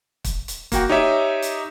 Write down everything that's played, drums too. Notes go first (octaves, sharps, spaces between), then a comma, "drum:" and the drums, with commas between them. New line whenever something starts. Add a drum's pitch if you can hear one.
drum: kick, hi-hat
drum: hi-hat
A#3 F#4 G5, drum: kick, hi-hat
D#4 G4 C#5 D#5 E5
drum: hi-hat